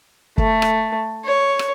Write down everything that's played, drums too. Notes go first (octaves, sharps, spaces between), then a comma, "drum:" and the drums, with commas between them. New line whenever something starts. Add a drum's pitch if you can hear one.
A3, drum: kick
drum: rim click
C#5
drum: rim click